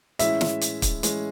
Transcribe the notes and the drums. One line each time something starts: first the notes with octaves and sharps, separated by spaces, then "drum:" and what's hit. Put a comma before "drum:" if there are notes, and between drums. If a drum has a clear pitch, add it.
A2 E3 G#3 C#4 E5, drum: hi-hat
drum: snare
drum: hi-hat
drum: kick, hi-hat
A2 E3 G#3 C#4, drum: hi-hat